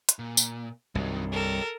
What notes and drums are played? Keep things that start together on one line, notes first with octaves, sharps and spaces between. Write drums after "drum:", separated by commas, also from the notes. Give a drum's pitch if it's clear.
drum: hi-hat
A#2
drum: tambourine
C2 G2 D#3 F#3
G4 A4 A#4 C#5